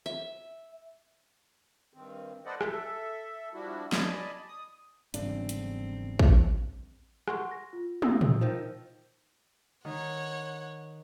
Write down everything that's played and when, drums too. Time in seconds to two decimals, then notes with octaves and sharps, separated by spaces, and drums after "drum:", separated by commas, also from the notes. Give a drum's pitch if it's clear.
0.06 E5
1.94 G2 D#3 C4
2.46 A4 B4 C5 D5 D#5 F#5
2.61 A4 E5, drum: rim click
3.54 F3 G3 D4 E4 F#4
3.92 D5 D#5 G#5 A5 B5, drum: snare
4.48 D#6
5.14 G1 G#2 C#3 E3 F#3 C4 D4, drum: hi-hat
5.49 drum: hi-hat
6.19 drum: kick
7.28 F#5 C6 C#6, drum: rim click
7.51 A#6
7.73 F4
8.02 D#6 E6 A#6, drum: tom
8.21 drum: tom
8.41 D#3 F3
9.85 D#3 C#5 F#5